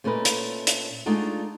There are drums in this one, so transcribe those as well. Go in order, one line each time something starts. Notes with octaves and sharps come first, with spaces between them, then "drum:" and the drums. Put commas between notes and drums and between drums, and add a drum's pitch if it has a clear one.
A#2 A3 C#4 A#4 B4 D#5
drum: hi-hat
drum: hi-hat
G#3 A3 D4 D#4 F4